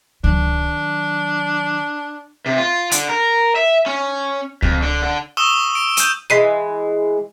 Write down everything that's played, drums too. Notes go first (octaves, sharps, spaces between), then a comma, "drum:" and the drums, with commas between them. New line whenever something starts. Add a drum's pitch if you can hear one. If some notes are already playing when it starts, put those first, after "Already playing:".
D#3 F#3 D4, drum: kick C#2
C3
F4
D3, drum: hi-hat
A#4
E5
C#4
F2, drum: kick C#2
D3
D3
C#6 D#6 E6 E7 G7
D7
G6 D#7, drum: hi-hat
E3 G#3 B6 C7 D#7